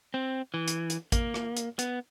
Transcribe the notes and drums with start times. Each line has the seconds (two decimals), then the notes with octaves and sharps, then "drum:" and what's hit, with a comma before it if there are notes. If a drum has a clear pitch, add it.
0.14 C4
0.54 E3
0.68 drum: hi-hat
0.90 drum: hi-hat
1.12 A#3, drum: kick A1, hi-hat
1.34 drum: rim click
1.57 drum: hi-hat
1.79 B3, drum: hi-hat